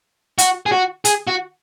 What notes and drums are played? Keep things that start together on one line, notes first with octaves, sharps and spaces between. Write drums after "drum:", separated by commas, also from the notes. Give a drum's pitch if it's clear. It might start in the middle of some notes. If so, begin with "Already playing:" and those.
F#4, drum: hi-hat
G#4
F#4
G#4, drum: hi-hat
F#4